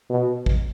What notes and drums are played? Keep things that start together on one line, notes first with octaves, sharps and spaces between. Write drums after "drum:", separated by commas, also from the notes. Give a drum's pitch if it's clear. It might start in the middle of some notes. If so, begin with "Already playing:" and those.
B2
drum: kick